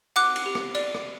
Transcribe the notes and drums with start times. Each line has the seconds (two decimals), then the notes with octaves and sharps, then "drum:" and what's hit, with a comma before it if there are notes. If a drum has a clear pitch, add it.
0.16 F#5 D6 F#6, drum: cymbal
0.36 drum: cymbal
0.46 G4
0.55 drum: rim click
0.75 D5, drum: cymbal
0.94 drum: rim click